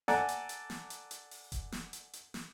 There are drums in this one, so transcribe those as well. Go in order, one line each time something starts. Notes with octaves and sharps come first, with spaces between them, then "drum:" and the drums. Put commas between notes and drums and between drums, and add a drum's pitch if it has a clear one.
A4 D5 F#5 G#5 A#5, drum: snare
drum: hi-hat
drum: hi-hat
drum: snare
drum: hi-hat
drum: hi-hat
drum: open hi-hat
drum: kick E1, hi-hat
drum: snare
drum: hi-hat
drum: hi-hat
drum: snare